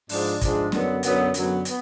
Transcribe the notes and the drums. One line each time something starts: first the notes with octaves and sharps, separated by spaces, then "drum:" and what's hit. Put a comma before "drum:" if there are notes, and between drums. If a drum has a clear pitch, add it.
G#2 F3 G#3 D4, drum: open hi-hat
G#2 F3 G#3 D4, drum: kick, hi-hat
F#2 D3 F#3 B3, drum: snare
F#2 D3 F#3 B3, drum: hi-hat
F#2 D3 F#3 B3, drum: hi-hat
B3, drum: hi-hat